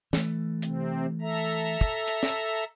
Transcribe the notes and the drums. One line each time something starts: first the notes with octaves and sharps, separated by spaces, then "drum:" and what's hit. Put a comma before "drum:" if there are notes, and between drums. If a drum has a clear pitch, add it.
E3 A3, drum: snare
C3 C4, drum: hi-hat
A4 E5 A#5
drum: kick
drum: hi-hat
drum: snare